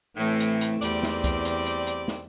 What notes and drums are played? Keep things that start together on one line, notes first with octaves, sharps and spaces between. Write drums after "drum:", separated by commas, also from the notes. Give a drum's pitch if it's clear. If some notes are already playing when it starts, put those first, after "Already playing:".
A2 E3 A3 C4
drum: hi-hat
drum: hi-hat
E2 G3 C4 D5, drum: hi-hat
drum: snare
drum: kick C2, hi-hat
drum: hi-hat
drum: hi-hat
drum: hi-hat
drum: snare